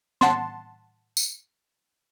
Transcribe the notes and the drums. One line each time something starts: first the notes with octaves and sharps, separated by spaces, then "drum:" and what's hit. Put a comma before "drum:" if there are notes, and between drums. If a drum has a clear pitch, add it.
F#5 A5 C6, drum: snare
drum: tambourine